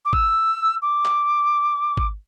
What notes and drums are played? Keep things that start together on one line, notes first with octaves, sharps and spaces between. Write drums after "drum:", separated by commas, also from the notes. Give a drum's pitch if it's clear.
D6
E6, drum: kick G#1
D6
drum: clap
drum: kick G#1